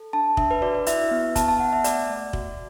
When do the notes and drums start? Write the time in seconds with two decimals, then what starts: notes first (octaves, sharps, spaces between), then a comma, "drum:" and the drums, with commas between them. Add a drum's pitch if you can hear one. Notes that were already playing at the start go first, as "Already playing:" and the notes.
Already playing: A4
0.13 D4 A5
0.37 D4 E5, drum: kick
0.51 B4
0.62 F#4 D5
0.75 D5
0.86 E4 E5, drum: hi-hat
1.11 B3
1.36 B3 A5, drum: kick, hi-hat
1.48 A5
1.60 B3 F#5
1.73 E5
1.84 A3 D5, drum: hi-hat
2.09 A3
2.33 F#4, drum: kick